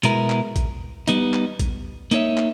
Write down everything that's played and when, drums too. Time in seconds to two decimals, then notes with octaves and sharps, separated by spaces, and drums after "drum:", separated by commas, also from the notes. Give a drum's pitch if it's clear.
0.03 B2 G#3 B3 E4 A#4, drum: hi-hat
0.30 drum: clap
0.56 drum: kick, hi-hat
1.08 G3 B3 D#4, drum: hi-hat
1.34 drum: clap
1.59 drum: kick, hi-hat
2.11 A#3 D#4 G4 C#5 E5, drum: hi-hat
2.37 drum: clap